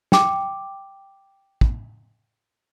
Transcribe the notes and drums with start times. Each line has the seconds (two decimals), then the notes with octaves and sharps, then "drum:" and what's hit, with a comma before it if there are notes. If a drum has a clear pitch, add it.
0.12 G5 D6, drum: snare
1.61 drum: kick